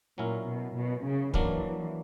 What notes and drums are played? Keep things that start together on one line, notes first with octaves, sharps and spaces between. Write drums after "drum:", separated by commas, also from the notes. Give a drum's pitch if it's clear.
A#2 F#3 C#4 E4 A#4
B2
B2
C#3
E3 F#3 A#3 D4 A#4, drum: kick